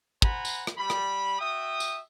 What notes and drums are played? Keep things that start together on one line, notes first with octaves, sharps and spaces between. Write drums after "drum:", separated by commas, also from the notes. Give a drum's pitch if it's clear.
C5 F#5 G#5 A#5 B5, drum: kick
drum: tambourine
drum: rim click
G3 B5
drum: rim click
F#4 E5 G5 D#6
drum: tambourine